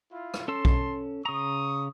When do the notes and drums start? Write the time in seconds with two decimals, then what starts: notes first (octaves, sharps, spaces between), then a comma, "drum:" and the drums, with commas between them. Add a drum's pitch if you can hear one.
0.12 E4 F4
0.34 drum: rim click
0.48 C#4 A4 A5 C6 E6
0.65 drum: kick B1
1.26 C#3 A#5 C#6 D#6